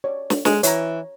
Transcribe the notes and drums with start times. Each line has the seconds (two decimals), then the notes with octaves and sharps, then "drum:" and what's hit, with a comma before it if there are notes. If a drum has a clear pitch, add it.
0.04 C#5 D5
0.30 drum: snare
0.45 G#3, drum: snare
0.63 E3 C#5 A#5, drum: hi-hat